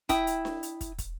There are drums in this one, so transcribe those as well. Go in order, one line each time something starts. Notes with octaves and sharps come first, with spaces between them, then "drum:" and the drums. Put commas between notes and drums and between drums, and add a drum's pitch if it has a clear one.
E4 G5 D#6, drum: kick, hi-hat
drum: hi-hat
drum: snare D4
drum: hi-hat
drum: kick, hi-hat
drum: kick, hi-hat